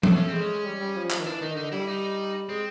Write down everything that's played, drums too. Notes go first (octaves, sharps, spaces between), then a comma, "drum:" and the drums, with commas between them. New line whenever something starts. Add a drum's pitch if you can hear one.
A3 D4, drum: tom E3
C#4
C4
G#3
C#4
G3
G3
F3
F3, drum: clap
D#3
E3 D4
D#3 D#4
D3 D#4
G3 E4
D#4
G#3 C4